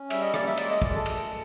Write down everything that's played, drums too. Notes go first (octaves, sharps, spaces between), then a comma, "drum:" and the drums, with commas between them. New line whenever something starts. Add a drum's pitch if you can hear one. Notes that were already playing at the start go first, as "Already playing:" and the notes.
Already playing: C#4
G3 E5, drum: cymbal
D#5
A#3 D5, drum: rim click
E5
G#3 D5, drum: cymbal
D#5
F#2 D5, drum: kick
A4
A3, drum: cymbal